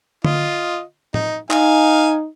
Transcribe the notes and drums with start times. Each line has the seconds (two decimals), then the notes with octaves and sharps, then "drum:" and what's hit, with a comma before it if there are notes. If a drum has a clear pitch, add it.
0.25 F4 D#5, drum: tom D3
1.14 D#4, drum: tom
1.51 D#4 F5 G#5, drum: clap